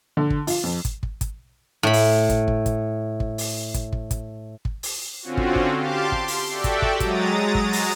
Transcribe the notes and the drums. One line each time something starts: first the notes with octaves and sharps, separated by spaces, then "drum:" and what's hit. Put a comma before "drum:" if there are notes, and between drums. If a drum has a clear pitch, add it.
D3
drum: kick
F4, drum: open hi-hat
F2
drum: kick, hi-hat
drum: kick
drum: kick, hi-hat
A2 B5
drum: open hi-hat
drum: kick, hi-hat
drum: kick
drum: kick, hi-hat
drum: kick
drum: open hi-hat
drum: kick, hi-hat
drum: kick
drum: kick, hi-hat
drum: kick
drum: open hi-hat
D3 C4 C#4 F4 F#4
drum: kick
drum: kick
G4 F5 A5 C6 D6
C6, drum: kick
drum: open hi-hat
F#4 G4 A4 D5 E5 G5
drum: kick, hi-hat
drum: kick
F#3 G#3 A#5 D#6 A6, drum: kick, hi-hat
drum: kick
drum: open hi-hat